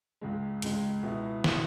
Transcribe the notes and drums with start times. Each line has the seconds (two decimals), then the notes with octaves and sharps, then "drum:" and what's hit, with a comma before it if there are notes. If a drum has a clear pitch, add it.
0.21 C#2 C#3 G#3
0.62 C#2 C#3 G#3, drum: hi-hat
1.03 C#2 B2 B3 E4
1.44 B2 B3 E4, drum: snare